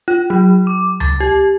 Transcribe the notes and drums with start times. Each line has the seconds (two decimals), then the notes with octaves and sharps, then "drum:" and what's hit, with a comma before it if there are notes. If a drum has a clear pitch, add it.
0.08 F4
0.30 F#3
0.67 D6
1.00 A6, drum: tom C#2
1.20 G4